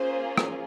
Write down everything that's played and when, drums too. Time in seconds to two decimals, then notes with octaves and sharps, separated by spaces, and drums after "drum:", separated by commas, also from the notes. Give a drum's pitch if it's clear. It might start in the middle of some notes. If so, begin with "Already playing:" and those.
Already playing: A#3 C#4 F4 G#4 C5
0.38 drum: rim click